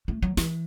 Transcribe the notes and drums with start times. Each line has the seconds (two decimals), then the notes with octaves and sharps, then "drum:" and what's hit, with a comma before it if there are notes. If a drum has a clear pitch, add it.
0.08 A3
0.22 F#3
0.37 E3, drum: snare